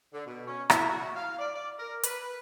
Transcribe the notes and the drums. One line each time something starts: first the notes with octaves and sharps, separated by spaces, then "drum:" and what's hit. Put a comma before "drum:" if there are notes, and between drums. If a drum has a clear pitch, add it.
D3
B2
C#4
E4, drum: rim click
F#4
F5
D5
D5
A#4
B4, drum: hi-hat